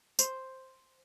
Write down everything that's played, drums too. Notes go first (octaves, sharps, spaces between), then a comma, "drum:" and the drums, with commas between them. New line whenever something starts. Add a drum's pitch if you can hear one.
C5, drum: tambourine